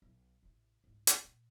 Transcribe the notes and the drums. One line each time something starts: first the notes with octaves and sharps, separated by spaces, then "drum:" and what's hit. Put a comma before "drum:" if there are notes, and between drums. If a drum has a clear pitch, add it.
B1
A1 C3
C2 G#2
drum: hi-hat
A#2